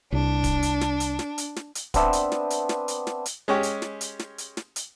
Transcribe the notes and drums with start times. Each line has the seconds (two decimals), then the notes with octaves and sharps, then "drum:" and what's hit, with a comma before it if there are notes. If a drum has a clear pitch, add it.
0.12 C2 D4
0.44 drum: kick, hi-hat
0.63 drum: hi-hat
0.81 drum: snare
1.00 drum: hi-hat
1.19 drum: snare
1.38 drum: hi-hat
1.56 drum: snare
1.75 drum: hi-hat
1.94 B3 C4 D4 E5, drum: kick, hi-hat
2.13 drum: hi-hat
2.32 drum: snare
2.50 drum: hi-hat
2.69 drum: snare
2.88 drum: hi-hat
3.07 drum: snare
3.26 drum: hi-hat
3.48 G#3 C#4 G4
3.63 drum: hi-hat
3.82 drum: snare
4.01 drum: hi-hat
4.19 drum: snare
4.38 drum: hi-hat
4.57 drum: snare
4.76 drum: hi-hat